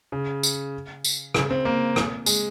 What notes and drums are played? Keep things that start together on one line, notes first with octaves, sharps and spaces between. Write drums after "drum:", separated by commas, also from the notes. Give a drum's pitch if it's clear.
C#3
drum: tambourine
drum: tambourine
C#3, drum: rim click
C4
A#3
drum: rim click
G#3, drum: tambourine